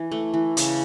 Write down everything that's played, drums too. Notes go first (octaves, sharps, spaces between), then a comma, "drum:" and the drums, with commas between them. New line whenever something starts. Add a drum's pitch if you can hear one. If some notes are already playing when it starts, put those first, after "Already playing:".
Already playing: E3
A3
E3
C#3, drum: hi-hat